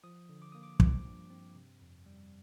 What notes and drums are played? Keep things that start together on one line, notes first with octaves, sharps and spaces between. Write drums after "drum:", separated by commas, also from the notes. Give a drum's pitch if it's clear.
F3 D#6
D3
D6
A#3 D#6
D6
F3 D6, drum: kick
G2
C4
C3
F2
G3